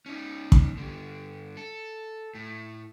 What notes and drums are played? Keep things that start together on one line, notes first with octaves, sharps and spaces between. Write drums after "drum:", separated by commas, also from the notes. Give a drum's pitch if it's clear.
C#4 D#4
drum: kick
G2 D3
A4
A2